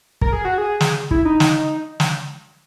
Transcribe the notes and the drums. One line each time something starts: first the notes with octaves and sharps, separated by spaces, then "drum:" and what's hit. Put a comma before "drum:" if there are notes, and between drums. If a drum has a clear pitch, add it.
A#4, drum: kick
G#4
F#4
G#4
drum: snare
E4, drum: kick
D#4
drum: snare
drum: snare